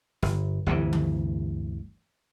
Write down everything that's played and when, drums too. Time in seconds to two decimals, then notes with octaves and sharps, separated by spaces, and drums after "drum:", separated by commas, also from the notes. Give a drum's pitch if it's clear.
0.22 G1, drum: snare
0.66 G1 D2 C3 E3
0.93 drum: tom D3